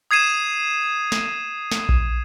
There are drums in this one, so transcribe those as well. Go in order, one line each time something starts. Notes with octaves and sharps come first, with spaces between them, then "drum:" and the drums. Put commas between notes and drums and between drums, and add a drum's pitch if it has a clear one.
D#6 G#6 C7 D#7 E7
drum: snare
drum: snare
drum: kick A#1